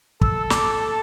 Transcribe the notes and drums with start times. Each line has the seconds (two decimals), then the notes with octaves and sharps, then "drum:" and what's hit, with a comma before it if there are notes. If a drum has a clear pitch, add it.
0.21 A4 E6, drum: kick
0.50 D6, drum: snare
0.79 A5